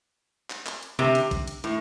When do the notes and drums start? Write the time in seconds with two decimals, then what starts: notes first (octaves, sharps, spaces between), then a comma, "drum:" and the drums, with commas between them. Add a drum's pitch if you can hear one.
0.50 drum: clap
0.66 drum: clap
0.83 drum: hi-hat
0.99 C3, drum: tom C3
1.15 drum: hi-hat
1.31 drum: kick, hi-hat
1.47 drum: hi-hat
1.64 A2, drum: hi-hat